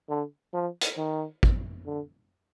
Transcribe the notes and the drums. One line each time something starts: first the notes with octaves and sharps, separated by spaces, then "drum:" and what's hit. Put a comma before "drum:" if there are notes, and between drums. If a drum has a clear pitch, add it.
D3
F3
drum: hi-hat
D#3
drum: kick
D3